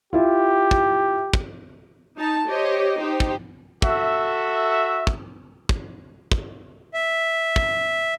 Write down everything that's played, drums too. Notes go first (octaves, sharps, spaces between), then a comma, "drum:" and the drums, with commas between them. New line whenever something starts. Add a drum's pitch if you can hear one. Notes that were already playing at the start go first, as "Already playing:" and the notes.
E4 F4 G4
drum: kick
drum: kick
D#4 A5
G4 C5 C#5 D#5
D#4 G4 C5
drum: kick
F#4 A4 E5, drum: kick
drum: kick
drum: kick
drum: kick
E5
drum: kick